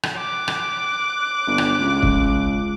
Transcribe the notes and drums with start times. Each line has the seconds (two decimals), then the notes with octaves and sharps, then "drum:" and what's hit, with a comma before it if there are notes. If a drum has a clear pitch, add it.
0.03 drum: rim click
0.19 D6 F#6
0.48 drum: rim click
1.47 G1
1.58 drum: rim click
1.80 C#2
2.02 drum: kick